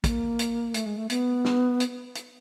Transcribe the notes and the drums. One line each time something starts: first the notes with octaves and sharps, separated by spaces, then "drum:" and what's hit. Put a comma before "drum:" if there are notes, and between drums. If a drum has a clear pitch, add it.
A#3, drum: kick, hi-hat
drum: hi-hat
A3, drum: hi-hat
G#3
A3
B3, drum: hi-hat
drum: snare
drum: hi-hat
drum: hi-hat